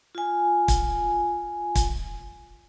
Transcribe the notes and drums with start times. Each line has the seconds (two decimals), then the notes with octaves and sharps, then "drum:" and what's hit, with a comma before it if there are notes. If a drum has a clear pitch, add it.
0.15 F4 G#5
0.68 drum: kick, hi-hat
1.75 drum: kick, hi-hat